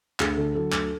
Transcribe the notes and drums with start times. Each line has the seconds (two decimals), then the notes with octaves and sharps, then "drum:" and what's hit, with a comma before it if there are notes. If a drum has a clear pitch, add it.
0.20 D2 G#4, drum: clap
0.37 D3 A4
0.55 F#3 A4
0.72 D2, drum: clap